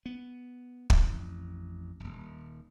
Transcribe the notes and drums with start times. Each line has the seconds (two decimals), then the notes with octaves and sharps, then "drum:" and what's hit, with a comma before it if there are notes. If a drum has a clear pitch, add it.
0.06 B3
0.90 A1 F2, drum: kick
2.00 D#1 G#1